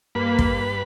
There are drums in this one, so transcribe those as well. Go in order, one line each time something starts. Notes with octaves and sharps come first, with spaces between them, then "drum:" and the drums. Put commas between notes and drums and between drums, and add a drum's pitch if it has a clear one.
G2 A#3 B4 B5
drum: kick